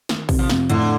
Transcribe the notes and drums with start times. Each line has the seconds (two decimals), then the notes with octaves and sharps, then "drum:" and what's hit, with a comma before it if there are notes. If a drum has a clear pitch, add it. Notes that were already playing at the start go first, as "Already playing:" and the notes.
0.09 D#3, drum: snare
0.29 C3, drum: kick, open hi-hat
0.39 F3
0.49 F2, drum: snare
0.70 A2 D3, drum: hi-hat